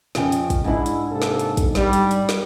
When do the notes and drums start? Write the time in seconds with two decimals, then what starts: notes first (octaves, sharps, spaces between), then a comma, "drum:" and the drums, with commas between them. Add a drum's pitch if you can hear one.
0.15 F2 C#3 G5, drum: snare
0.32 drum: hi-hat
0.50 drum: kick, hi-hat
0.64 G#2 G#3 D4 E4
0.86 drum: hi-hat
1.12 C3 A#3 A4
1.22 drum: snare
1.39 drum: hi-hat
1.57 drum: kick, hi-hat
1.75 G3, drum: snare
1.93 drum: hi-hat
2.11 drum: hi-hat
2.29 drum: snare